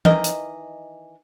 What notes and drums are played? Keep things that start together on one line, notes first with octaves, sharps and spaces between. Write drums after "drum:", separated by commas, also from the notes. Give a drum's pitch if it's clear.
D#3 E3 A#4 D#5, drum: tom
drum: hi-hat